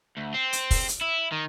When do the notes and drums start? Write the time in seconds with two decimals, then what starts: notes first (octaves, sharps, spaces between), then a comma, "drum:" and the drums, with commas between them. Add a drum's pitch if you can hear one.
0.17 D2
0.34 C4
0.53 drum: hi-hat
0.71 drum: kick, open hi-hat
0.89 drum: hi-hat
1.02 E4
1.32 D#3